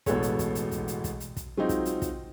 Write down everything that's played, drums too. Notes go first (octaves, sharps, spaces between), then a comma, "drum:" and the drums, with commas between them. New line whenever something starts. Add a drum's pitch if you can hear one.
E1 A1 B2 B3 A4 C#5, drum: kick, hi-hat
drum: hi-hat
drum: kick, hi-hat
drum: hi-hat
drum: kick, hi-hat
drum: hi-hat
drum: kick, hi-hat
drum: hi-hat
drum: kick, hi-hat
F#3 G#3 C4 D#4 F4
drum: kick, hi-hat
drum: hi-hat
drum: kick, hi-hat